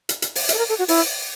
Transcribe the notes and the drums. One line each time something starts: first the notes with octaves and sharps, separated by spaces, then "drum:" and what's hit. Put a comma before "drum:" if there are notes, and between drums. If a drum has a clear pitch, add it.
drum: hi-hat
drum: hi-hat
drum: open hi-hat
E5, drum: hi-hat
A4
A#4
A4
F#4
E4, drum: open hi-hat